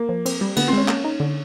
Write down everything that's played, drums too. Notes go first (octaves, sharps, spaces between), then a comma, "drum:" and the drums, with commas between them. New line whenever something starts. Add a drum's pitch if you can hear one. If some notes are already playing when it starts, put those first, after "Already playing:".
Already playing: A#3
F3
C4, drum: cymbal
G3
D3 B3, drum: cymbal
C4
G#3 C#4
A#3, drum: clap
D#4
D3